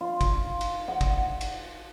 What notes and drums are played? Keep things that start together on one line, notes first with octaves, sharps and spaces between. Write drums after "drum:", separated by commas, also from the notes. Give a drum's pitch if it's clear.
F4
drum: kick, cymbal
drum: cymbal
F#5
drum: kick, cymbal
drum: cymbal